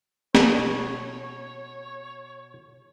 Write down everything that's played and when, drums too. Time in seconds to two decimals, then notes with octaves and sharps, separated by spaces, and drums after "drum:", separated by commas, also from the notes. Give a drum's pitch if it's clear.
0.35 B2 C#5, drum: snare